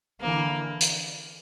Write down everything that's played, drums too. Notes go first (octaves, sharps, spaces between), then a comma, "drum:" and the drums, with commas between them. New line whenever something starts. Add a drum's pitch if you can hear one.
D3 E3 A#3
drum: hi-hat